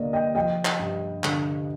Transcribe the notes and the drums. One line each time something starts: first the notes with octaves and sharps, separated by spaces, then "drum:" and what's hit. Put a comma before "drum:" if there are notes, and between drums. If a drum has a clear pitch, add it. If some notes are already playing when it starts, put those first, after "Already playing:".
Already playing: D#2 D3 A#3 D5 D#5
D#5 G5
F3 D#5 G5
drum: clap
G2
D3, drum: clap